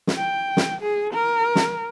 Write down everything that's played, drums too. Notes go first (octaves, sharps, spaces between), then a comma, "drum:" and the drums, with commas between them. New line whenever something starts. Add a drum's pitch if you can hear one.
drum: snare
G5
drum: snare
G#4
A#4
drum: snare